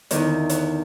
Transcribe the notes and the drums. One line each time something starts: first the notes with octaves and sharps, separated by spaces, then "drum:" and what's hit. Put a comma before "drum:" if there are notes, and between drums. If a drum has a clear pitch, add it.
E2 D3 D#3, drum: hi-hat
drum: hi-hat